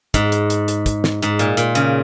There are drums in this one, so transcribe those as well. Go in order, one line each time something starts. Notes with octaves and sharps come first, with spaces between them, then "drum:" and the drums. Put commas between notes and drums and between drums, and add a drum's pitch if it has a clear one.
G#2, drum: kick, hi-hat
drum: hi-hat
drum: hi-hat
drum: hi-hat
drum: kick, hi-hat
drum: snare
G#2, drum: hi-hat
A#2, drum: hi-hat
A#2, drum: hi-hat
C#3, drum: hi-hat